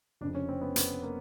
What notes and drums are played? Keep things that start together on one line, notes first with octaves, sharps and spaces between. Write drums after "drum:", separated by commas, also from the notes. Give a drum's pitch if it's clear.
F1 F2 C#3 D4
C#4
C4
B3
B3, drum: hi-hat
A#3